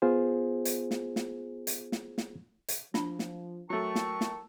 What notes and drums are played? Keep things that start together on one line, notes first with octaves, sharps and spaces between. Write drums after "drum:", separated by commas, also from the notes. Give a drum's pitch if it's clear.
B3 F4 G#4 C5
drum: hi-hat
drum: snare
drum: snare
drum: hi-hat
drum: snare
drum: snare
drum: hi-hat
F3 D4 B5, drum: snare
drum: snare
F#3 A3 A#4 G5 A5 C#6
drum: snare
drum: snare